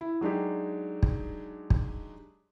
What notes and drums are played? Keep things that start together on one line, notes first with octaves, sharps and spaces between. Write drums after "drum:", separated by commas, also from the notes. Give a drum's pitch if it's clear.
E4
F#3 G#3 D4 D#4 G4
drum: kick
drum: kick